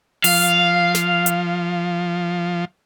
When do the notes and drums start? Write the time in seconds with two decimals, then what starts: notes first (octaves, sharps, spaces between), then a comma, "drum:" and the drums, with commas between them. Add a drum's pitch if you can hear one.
0.24 F3 F5, drum: open hi-hat
0.95 drum: snare
1.26 drum: hi-hat